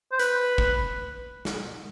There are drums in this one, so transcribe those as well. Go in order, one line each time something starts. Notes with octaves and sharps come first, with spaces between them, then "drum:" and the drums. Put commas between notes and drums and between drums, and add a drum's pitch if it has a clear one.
C5
B4, drum: hi-hat
drum: kick
drum: snare